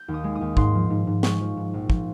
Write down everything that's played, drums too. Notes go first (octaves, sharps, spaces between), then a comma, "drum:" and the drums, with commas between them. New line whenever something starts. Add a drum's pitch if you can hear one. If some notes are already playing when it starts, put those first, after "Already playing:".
Already playing: G6
D#2
D#6
G#3
D#6
D#2
G#2 C6, drum: kick
F3
G#2
G#2
G#3 C#6, drum: snare
F3
G#2
A#1
F3, drum: kick